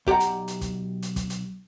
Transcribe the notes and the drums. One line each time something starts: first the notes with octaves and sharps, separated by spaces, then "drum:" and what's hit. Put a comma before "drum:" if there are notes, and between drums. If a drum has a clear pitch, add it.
B1 G4 D5 F#5 A#5, drum: kick
drum: hi-hat
drum: hi-hat
drum: kick, hi-hat
drum: hi-hat
drum: kick, hi-hat
drum: hi-hat